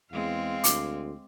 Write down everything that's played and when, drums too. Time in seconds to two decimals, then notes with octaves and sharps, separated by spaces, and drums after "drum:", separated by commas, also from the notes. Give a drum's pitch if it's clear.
0.12 E2 G#3 C4 F5
0.64 D2 D6, drum: hi-hat